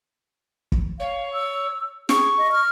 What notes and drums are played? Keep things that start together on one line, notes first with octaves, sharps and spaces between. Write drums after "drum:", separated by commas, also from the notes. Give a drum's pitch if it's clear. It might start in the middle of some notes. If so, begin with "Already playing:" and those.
drum: kick
C#5 F5
E6
G#4 C#6, drum: snare
D#5
F6